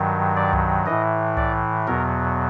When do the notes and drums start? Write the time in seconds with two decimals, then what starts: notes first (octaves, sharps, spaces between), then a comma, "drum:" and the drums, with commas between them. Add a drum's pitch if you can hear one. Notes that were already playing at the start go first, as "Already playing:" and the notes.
Already playing: G2 D#3 F#3
0.36 D5
0.53 drum: tom C2
0.86 A2 E3 D#5
1.37 D5, drum: tom C2
1.87 E2 B2 F#3 A#4